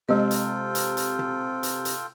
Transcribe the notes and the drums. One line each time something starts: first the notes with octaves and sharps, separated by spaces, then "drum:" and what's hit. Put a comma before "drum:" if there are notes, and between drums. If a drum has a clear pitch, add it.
C3 G#3 F4 A4 D#5 G5
drum: hi-hat
drum: hi-hat
drum: hi-hat
drum: tom
drum: hi-hat
drum: hi-hat